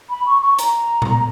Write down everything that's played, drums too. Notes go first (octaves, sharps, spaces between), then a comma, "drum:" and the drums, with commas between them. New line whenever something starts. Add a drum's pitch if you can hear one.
B5
C#6
C#6
A#5, drum: hi-hat
drum: tom A#2